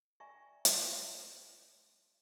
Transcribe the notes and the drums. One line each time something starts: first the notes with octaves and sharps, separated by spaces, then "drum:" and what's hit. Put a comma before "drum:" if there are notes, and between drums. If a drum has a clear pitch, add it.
D5 E5 G5 G#5 A#5 C#6
drum: hi-hat